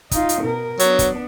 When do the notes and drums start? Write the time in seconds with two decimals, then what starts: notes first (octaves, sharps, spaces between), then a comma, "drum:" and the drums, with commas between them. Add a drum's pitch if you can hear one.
0.11 D#4 F4, drum: kick, hi-hat
0.29 drum: hi-hat
0.42 B2 A#4
0.79 F#3 B3 D4, drum: hi-hat
0.99 drum: kick, hi-hat